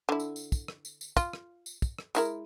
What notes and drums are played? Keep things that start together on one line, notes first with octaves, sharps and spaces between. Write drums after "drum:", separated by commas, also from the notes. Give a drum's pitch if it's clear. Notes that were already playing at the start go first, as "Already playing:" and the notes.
D3 E4
drum: tambourine
drum: tambourine
drum: kick, tambourine
drum: rim click
drum: tambourine
drum: tambourine
F4, drum: kick, tambourine
drum: rim click
drum: tambourine
drum: kick, tambourine
drum: rim click
G#3 E4 A#4, drum: tambourine